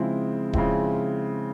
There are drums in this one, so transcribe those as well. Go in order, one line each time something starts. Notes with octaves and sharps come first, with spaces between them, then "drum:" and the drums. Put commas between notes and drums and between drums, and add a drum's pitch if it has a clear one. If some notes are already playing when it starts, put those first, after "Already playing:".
Already playing: C#3 F3 G#3 C4 E4
C#3 F3 G#3 C4 E4, drum: kick D#1